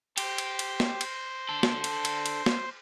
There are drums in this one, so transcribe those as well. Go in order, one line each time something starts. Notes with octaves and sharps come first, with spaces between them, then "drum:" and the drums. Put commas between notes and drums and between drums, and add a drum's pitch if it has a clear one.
G4 C5, drum: cymbal
drum: cymbal
drum: cymbal
drum: snare
drum: cymbal
D4 A4
drum: snare
drum: cymbal
drum: cymbal
drum: cymbal
drum: snare